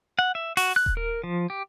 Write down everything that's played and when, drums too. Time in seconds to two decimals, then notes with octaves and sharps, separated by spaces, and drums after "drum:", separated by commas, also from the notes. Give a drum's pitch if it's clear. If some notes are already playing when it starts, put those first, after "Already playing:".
0.19 F#5
0.35 E5
0.57 F#4, drum: open hi-hat
0.76 F#6
0.86 drum: kick D#1
0.97 A#4
1.24 F3
1.50 G4